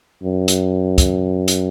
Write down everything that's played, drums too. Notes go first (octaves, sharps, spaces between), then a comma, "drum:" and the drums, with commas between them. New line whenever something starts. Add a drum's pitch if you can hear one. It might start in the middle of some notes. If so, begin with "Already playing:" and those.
F#2
drum: hi-hat
drum: kick, hi-hat
drum: hi-hat